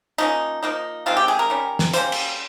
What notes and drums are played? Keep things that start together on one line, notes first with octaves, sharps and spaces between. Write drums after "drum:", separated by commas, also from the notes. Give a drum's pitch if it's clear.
F3 A#3 C#4 D#4
F3 A#3 D#4
C3 D#3 G#3 C4 F4
G4
G#4
A#4
D#3 G3 C#4
drum: snare
G3 A#3 C#4 C5, drum: hi-hat
drum: cymbal